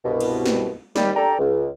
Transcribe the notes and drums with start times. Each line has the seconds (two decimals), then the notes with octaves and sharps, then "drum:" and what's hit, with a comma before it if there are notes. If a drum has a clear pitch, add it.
0.05 C2 G2 B2
0.20 drum: cymbal
0.46 drum: snare
0.96 D#2 G3, drum: snare
1.15 D4 G4 A4 D5 G5 A#5
1.39 C#2